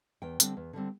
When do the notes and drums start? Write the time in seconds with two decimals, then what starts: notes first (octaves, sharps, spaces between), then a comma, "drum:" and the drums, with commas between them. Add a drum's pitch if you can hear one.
0.22 E2 G5
0.40 D3 G3 C4, drum: hi-hat
0.57 E2
0.73 D3 G3 C4